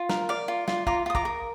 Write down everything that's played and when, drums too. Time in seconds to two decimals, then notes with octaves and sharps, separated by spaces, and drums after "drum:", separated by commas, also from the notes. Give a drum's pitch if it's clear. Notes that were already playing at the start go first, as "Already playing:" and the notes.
Already playing: F4
0.09 A#4, drum: snare
0.29 D5 F5
0.48 F4
0.68 F4, drum: snare
0.87 F4 A#5 D6, drum: kick
1.06 F4 D#6
1.15 A#5 D6, drum: kick
1.25 A#4